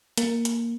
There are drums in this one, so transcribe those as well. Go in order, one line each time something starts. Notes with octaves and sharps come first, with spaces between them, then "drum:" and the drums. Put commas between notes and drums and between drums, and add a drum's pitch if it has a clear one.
A#3, drum: hi-hat
drum: hi-hat